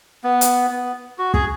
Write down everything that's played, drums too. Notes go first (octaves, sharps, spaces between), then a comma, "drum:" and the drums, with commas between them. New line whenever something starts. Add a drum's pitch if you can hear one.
B3
drum: hi-hat
B3
F#4
G#4, drum: kick